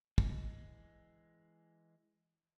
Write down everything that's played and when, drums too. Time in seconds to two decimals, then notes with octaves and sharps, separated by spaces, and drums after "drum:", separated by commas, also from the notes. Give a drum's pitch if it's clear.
0.18 E3 G#3, drum: kick